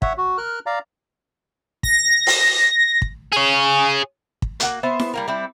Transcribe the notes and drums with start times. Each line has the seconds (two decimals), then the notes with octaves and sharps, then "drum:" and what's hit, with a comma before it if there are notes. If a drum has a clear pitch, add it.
0.02 C#5 E5 F#5, drum: kick
0.18 F#4
0.38 A#4 F6 F#6
0.66 D5 F5 A#5
1.83 A#6, drum: kick
2.27 drum: open hi-hat
3.02 drum: kick
3.32 G#4 C#5
4.42 drum: kick
4.60 A#3 F#4, drum: hi-hat
4.83 B3 C5 E5
4.99 drum: snare E4
5.14 G3 A#3 A#4
5.28 G3 C4 E4